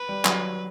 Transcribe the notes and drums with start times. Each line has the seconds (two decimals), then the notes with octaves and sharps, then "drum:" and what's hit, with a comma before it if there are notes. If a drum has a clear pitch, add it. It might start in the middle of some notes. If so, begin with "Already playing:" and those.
Already playing: B4
0.09 G3
0.25 F#3, drum: clap